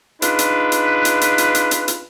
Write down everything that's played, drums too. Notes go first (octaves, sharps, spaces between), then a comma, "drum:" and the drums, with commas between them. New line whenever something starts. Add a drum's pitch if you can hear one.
D4 D#4 F4 G#4 B4, drum: hi-hat
drum: hi-hat
drum: hi-hat
drum: hi-hat
drum: hi-hat
drum: hi-hat
drum: hi-hat
drum: hi-hat
drum: hi-hat